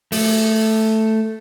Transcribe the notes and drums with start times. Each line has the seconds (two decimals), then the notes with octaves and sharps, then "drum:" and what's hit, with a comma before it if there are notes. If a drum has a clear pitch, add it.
0.12 A3, drum: open hi-hat